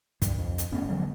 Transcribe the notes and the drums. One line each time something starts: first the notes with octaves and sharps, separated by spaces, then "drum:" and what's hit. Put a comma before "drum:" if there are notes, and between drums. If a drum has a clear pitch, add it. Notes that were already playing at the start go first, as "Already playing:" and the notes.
G2, drum: kick, hi-hat
F2
drum: hi-hat
G1 A2 B3 C#4
D3 F3 F#3 G#3